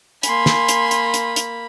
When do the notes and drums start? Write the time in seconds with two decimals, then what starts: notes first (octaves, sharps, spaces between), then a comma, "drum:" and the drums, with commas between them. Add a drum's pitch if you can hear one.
0.23 A#3 G#5 B5 C6, drum: hi-hat
0.46 drum: snare
0.69 drum: hi-hat
0.91 drum: hi-hat
1.14 drum: hi-hat
1.36 drum: hi-hat